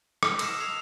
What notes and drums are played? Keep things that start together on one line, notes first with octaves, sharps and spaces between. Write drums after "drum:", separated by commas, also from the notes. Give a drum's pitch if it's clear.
D#6 F6, drum: rim click
D#6 E6 A#6 C7 C#7 E7, drum: cymbal
G#6 C7 F7